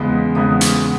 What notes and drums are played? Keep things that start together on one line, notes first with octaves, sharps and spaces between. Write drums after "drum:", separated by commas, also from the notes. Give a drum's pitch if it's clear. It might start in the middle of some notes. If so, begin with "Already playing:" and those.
Already playing: E2 C#3 G#3 B3
E2 C#3 G#3 B3 D#6
drum: hi-hat